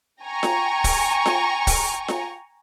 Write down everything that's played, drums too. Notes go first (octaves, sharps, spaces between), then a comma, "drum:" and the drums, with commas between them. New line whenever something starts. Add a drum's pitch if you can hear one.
G5 G#5 A#5 C#6
drum: snare F4
drum: kick, open hi-hat
drum: snare F4
drum: kick, open hi-hat
drum: snare F4